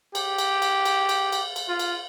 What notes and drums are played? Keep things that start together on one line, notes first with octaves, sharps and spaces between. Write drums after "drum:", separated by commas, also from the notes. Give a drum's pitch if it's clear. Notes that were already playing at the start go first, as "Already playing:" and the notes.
G4, drum: cymbal
drum: cymbal
drum: cymbal
drum: cymbal
drum: cymbal
drum: cymbal
drum: cymbal
F4
drum: cymbal